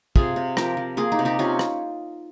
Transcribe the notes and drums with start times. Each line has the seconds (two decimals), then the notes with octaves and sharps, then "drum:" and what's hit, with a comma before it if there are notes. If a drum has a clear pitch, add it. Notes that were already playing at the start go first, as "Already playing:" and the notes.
0.16 C3 F4 G#4, drum: kick
0.36 C3
0.57 F3 G4 A#4, drum: rim click
0.77 F3
0.97 A#3 F4 G#4
1.12 D#4 G4
1.19 C3
1.25 D#4 G4
1.39 C3 C#4 F4
1.59 drum: rim click